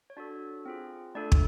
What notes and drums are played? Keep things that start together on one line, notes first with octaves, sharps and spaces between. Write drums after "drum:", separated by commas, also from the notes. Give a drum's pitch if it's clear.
C#5
D4 F#4 A4 D5
C4 F4 G#4
A3 D4 F4 A4 D5
drum: kick